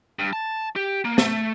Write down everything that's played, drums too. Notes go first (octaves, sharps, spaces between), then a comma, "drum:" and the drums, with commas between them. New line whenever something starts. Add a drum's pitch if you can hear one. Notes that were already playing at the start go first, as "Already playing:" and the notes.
G2
A5
G4
A#3
A3, drum: snare